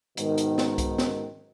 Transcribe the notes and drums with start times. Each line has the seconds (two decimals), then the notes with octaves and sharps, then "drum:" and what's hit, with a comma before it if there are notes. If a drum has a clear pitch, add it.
0.17 G#2 B2 D#3, drum: hi-hat
0.38 drum: hi-hat
0.58 drum: snare
0.78 drum: kick C2, hi-hat
0.98 drum: snare